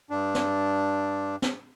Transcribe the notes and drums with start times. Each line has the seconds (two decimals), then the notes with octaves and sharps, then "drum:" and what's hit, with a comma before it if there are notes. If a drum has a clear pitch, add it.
0.10 G2 D4
0.35 drum: snare
1.42 drum: snare